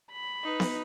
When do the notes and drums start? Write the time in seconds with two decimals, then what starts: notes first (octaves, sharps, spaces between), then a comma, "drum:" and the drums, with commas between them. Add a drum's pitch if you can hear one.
0.12 B5
0.44 D#4 B4
0.60 drum: snare B3